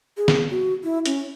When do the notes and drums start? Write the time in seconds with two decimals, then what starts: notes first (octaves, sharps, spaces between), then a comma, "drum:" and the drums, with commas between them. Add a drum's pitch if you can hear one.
0.17 G#4
0.28 drum: snare
0.51 F#4
0.84 E4
1.06 C#4, drum: hi-hat